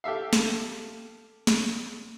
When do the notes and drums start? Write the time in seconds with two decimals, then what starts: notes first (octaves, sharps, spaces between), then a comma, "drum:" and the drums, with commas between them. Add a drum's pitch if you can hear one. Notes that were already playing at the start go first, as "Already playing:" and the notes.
0.04 G4 A4 E5 F5
0.33 drum: snare
1.47 drum: snare